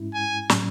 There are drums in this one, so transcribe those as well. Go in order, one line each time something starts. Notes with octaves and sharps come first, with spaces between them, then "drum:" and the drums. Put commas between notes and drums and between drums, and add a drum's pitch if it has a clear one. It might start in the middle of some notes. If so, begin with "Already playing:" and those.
Already playing: G#2 G#3 C#4 E4
G#5
A2 F#3 C#4, drum: snare